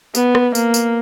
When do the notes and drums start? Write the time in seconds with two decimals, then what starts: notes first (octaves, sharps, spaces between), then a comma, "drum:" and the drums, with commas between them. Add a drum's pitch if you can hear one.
0.15 B3, drum: tambourine
0.35 drum: rim click
0.55 A#3, drum: tambourine
0.74 drum: tambourine